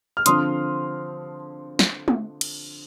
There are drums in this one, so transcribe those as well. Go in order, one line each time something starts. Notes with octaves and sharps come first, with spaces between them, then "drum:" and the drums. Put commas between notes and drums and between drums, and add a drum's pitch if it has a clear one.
F6
D3 F3 C4 C6 D#6, drum: hi-hat
drum: snare
drum: tom G#3
drum: cymbal